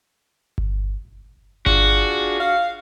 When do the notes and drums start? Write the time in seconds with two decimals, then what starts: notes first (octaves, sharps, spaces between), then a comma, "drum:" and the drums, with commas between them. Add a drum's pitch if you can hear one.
0.58 drum: kick G1
1.66 D4 F4 F#4 G#4, drum: kick G1
2.40 F5